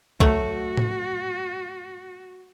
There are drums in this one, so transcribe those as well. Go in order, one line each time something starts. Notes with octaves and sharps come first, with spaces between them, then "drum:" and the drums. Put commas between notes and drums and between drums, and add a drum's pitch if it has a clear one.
F#3 A3 F#4, drum: kick
drum: tom A2